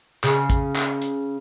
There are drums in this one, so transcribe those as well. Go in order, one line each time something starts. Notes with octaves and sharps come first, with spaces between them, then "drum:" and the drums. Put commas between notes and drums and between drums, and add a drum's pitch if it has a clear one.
C#3, drum: clap
drum: kick, hi-hat
drum: clap
drum: hi-hat